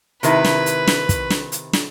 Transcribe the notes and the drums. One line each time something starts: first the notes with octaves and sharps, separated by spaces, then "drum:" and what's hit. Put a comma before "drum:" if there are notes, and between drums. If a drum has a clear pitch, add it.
C3 D#3 E4 B4, drum: hi-hat
drum: snare
drum: hi-hat
drum: snare
drum: kick, hi-hat
drum: snare
drum: hi-hat
drum: snare